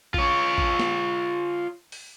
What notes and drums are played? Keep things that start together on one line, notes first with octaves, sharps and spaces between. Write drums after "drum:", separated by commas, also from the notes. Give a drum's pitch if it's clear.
F4 C#5, drum: kick A1
drum: kick A1
drum: snare
drum: open hi-hat